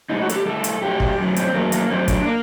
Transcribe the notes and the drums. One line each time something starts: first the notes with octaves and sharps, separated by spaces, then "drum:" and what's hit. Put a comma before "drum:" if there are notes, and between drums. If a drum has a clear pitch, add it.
A2 G3 D#4
F#4
A4, drum: hi-hat
G4
A2 G3 A4
drum: hi-hat
F#2 F#3 A3 G4
drum: kick
F#2 F#3 A3
C4, drum: hi-hat
F#2 F#3 A3 A#3
A#3, drum: hi-hat
F#2 F#3 A3 C4
D4, drum: kick, hi-hat
A#3